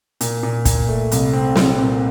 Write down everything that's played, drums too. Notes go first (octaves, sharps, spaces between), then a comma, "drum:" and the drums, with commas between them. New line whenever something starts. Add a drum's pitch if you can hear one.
A#2, drum: hi-hat
A#2
A#2, drum: kick, hi-hat
A3
C2, drum: hi-hat
C4
C4, drum: snare
A#2